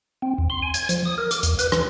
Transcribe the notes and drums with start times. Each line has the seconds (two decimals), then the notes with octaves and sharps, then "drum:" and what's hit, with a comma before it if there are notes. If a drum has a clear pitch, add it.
0.22 C4
0.38 E2
0.50 C6
0.63 G#5
0.74 G#6, drum: hi-hat
0.89 F3, drum: hi-hat
1.05 D#6
1.18 A#4
1.31 D6, drum: hi-hat
1.43 E2, drum: hi-hat
1.59 B4, drum: hi-hat
1.72 E3, drum: rim click